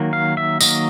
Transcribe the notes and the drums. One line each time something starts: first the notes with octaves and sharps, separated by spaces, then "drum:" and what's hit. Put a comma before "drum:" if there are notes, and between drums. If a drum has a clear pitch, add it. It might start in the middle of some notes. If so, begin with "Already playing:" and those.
Already playing: D#3 F#3 A#3
F5
E5
D#3 F#3 A#3 D#5, drum: tambourine